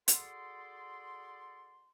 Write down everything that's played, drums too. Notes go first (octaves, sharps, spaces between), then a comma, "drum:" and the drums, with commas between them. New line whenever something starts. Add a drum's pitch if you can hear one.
F#4 G#4 A4 D5 C6, drum: hi-hat